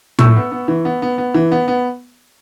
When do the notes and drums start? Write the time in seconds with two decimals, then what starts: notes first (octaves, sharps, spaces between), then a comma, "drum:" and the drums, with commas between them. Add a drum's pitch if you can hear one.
0.19 A2 C#6 E6, drum: tom
0.36 B3
0.51 B3
0.68 E3
0.85 B3
1.02 B3
1.18 B3
1.34 E3
1.52 B3
1.68 B3